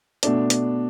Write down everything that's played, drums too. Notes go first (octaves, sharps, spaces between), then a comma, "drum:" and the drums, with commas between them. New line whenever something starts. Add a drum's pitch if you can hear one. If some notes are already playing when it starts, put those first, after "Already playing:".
B2 A3 D4, drum: hi-hat
drum: hi-hat